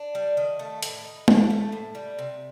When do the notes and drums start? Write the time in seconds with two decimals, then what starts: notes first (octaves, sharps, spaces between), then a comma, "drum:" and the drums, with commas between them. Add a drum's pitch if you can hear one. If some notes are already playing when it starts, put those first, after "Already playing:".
Already playing: D4
0.15 G3
0.37 D#3
0.59 A3
0.83 A2, drum: hi-hat
1.04 D#4
1.28 A4, drum: tom G#3
1.50 A3
1.72 A2
1.95 G3
2.19 C3